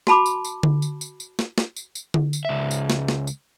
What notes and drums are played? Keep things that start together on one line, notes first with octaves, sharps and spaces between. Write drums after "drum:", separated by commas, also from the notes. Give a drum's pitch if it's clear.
F#4 A5 B5 D6, drum: snare
drum: tambourine
drum: tambourine
drum: tom D3
drum: tambourine
drum: tambourine
drum: tambourine
drum: snare
drum: snare
drum: tambourine
drum: tambourine
drum: tom D3
drum: tambourine
C#2 E5
drum: tambourine
drum: snare
drum: snare
drum: tambourine